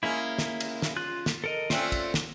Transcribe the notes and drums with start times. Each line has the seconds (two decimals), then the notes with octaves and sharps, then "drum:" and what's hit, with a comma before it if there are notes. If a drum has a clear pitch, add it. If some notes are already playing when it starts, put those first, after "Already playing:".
0.03 G#3 A#3 C#4 E4
0.39 drum: snare
0.60 drum: cymbal
0.82 drum: snare
0.96 F4 F#6
1.26 drum: snare
1.44 A4 A#4 D#5
1.70 A3 C4 C#4 F4 D5 F#6, drum: snare
1.92 drum: kick, cymbal
2.14 drum: snare